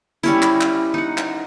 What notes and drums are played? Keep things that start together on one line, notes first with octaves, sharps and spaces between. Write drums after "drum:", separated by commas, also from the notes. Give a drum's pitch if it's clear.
G3 C#4 E4, drum: hi-hat
drum: clap
drum: clap
D#4 F#5
drum: clap